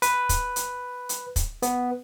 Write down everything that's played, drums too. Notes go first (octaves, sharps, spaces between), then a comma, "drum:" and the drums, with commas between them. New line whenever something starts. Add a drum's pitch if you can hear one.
B4, drum: hi-hat
drum: kick, hi-hat
drum: hi-hat
drum: hi-hat
drum: kick, hi-hat
B3, drum: hi-hat